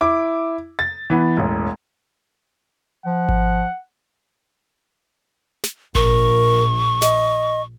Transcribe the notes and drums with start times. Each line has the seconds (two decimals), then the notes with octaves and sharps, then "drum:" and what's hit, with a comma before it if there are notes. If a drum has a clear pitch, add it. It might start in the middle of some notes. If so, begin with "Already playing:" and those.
0.01 E4 D6
0.79 A6
1.10 E3 B3
1.37 E1 A1
3.06 F3 F#5
3.29 drum: kick G#1
5.64 drum: snare
5.95 A#1 A#4 C#6, drum: kick G#1
7.02 D#5, drum: snare